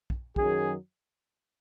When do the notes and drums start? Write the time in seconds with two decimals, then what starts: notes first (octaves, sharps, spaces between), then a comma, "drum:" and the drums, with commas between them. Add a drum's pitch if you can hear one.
0.10 drum: kick
0.36 F#2 D#3 F#3 G#4, drum: kick